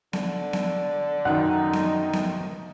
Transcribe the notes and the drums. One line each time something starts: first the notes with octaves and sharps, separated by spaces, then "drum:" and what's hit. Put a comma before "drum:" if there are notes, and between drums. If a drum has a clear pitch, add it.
D3, drum: snare B3
drum: snare B3
F#2 D#3 D#4 F#5
drum: snare B3
drum: snare B3